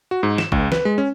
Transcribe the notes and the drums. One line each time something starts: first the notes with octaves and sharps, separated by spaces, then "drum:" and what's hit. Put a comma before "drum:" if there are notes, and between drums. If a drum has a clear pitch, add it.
F#4
G#2
E7, drum: snare
C#2, drum: kick G#1
B4, drum: snare
G#3
C#4